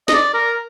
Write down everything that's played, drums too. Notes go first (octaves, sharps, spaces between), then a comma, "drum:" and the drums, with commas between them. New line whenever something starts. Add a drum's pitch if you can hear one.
D#5, drum: snare
D5
A#4